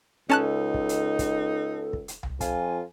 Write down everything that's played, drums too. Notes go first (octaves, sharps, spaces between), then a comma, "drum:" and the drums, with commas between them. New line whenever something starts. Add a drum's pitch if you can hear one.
C#2 C#4 D#4 A4 A5 F#6
drum: kick
drum: hi-hat
drum: kick, hi-hat
drum: kick
drum: hi-hat
drum: tom C2
F2 F4 G#5, drum: kick, hi-hat